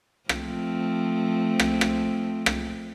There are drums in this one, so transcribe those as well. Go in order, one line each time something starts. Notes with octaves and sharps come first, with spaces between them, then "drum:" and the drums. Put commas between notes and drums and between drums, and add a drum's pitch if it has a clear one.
F3 A3 C4, drum: rim click
drum: rim click
drum: rim click
drum: rim click